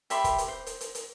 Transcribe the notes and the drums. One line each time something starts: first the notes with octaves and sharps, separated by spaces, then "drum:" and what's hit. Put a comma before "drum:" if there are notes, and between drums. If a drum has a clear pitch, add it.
G4 E5 B5 C6, drum: hi-hat
drum: kick, hi-hat
drum: hi-hat
C5
drum: hi-hat
drum: hi-hat
drum: hi-hat